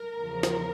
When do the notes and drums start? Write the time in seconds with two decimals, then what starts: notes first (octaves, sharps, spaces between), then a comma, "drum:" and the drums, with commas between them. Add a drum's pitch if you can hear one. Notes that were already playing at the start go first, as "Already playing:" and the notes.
Already playing: A#4
0.17 E2 C#3 F3
0.43 drum: snare